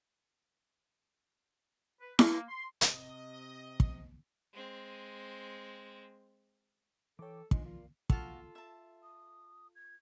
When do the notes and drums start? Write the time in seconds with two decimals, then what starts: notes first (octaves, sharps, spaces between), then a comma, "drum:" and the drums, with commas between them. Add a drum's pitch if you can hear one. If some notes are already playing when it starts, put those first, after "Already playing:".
2.00 B4
2.19 A#3, drum: snare E4
2.49 C6
2.81 drum: hi-hat
2.91 C3 D#5
3.80 drum: kick
4.53 G#3 C4
7.19 E3 A4 C#5 G5 D6
7.51 D#3 F3 G#3 D4 F4 C5, drum: kick
7.65 F4 A#4 D5 F5
8.10 F4 F#4 A4 F5, drum: kick
8.55 E5 A5
9.03 D#6
9.75 G#6